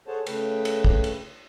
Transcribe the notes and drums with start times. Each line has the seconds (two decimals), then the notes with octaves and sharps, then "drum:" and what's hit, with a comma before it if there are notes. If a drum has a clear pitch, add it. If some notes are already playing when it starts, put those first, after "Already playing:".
0.08 G#4 A4 C5 C#5 F#5 A5
0.26 C#3 A3 B4 G5, drum: cymbal
0.65 drum: cymbal
0.84 drum: kick
1.04 drum: cymbal